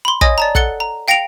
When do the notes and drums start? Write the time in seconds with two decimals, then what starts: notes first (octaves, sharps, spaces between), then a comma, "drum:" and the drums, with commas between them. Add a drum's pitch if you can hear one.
0.05 B5 C6
0.21 C#5 D#5 G#5 D#6 A#6, drum: kick
0.38 D5 A5 A#5
0.55 A4 F#5 F#6 A6 C#7 G7, drum: kick
0.80 A#5
1.08 F5 G5 A#6 C#7 D7 F7